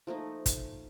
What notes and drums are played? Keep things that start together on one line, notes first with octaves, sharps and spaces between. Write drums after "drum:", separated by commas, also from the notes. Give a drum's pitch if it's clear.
F3 A3 A#3 D#4
drum: kick, hi-hat